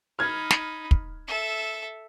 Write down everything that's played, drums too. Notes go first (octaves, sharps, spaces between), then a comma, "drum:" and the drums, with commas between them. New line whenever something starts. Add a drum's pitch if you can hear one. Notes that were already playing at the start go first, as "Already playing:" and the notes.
D#4 B5 F6 G#6
drum: snare
drum: kick
A4 E5